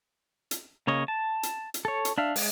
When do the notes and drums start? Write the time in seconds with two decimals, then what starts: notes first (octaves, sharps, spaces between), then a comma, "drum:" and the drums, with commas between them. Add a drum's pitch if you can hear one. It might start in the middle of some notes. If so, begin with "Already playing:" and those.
0.51 drum: hi-hat
0.87 C#3 A#3 C#5 D#5
1.08 A5
1.43 drum: hi-hat
1.74 drum: hi-hat
1.85 A4 C#5
2.05 drum: hi-hat
2.18 D4 E5 F5
2.36 G#3, drum: open hi-hat